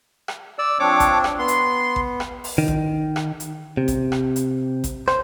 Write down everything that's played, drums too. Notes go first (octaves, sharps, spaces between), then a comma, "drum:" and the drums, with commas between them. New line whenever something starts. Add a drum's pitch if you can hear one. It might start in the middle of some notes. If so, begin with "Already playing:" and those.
drum: rim click
D5 E6
F3 C4 D4 C#5 D6
drum: kick A1, hi-hat
drum: rim click
B3 C6
drum: hi-hat
drum: kick A1
drum: rim click
drum: open hi-hat
D#3
drum: kick A1
drum: rim click
drum: hi-hat
C3
drum: kick A1, hi-hat
drum: rim click
drum: hi-hat
drum: kick A1, hi-hat
C5, drum: rim click